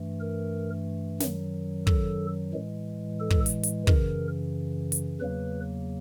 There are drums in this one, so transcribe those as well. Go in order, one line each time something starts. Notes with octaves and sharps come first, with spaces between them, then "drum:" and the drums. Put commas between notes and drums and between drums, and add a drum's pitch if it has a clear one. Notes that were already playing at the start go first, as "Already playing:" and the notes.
Already playing: G2 E3 A3
A#4
F#2 D#3 F#3, drum: snare
A4, drum: kick
A2 E3 G#3
A4
drum: kick
drum: hi-hat
drum: hi-hat
F#2 C#3 E3 A#4, drum: kick
drum: hi-hat
E2 C#3 F#3 A#3 B4